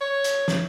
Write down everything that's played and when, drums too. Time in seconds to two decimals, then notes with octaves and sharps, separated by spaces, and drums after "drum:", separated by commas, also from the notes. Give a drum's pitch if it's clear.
0.01 C#5
0.24 drum: hi-hat
0.48 drum: snare